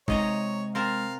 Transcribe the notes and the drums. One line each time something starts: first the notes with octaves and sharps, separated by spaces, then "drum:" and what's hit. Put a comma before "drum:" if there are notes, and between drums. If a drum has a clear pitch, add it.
C3 G#3 D#4 C#5 D#5 A#5, drum: kick G1
C4 A#4 F5 A5